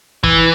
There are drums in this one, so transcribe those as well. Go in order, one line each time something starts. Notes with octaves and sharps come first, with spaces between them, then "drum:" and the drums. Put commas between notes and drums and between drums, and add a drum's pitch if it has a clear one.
E3, drum: kick